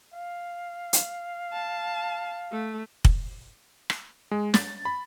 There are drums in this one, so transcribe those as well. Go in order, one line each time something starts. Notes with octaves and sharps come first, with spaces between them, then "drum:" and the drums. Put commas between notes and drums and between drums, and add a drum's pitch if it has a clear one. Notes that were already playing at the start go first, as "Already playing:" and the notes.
F5
drum: hi-hat
A5
A3
drum: kick
drum: rim click
G#3
A6, drum: snare
B5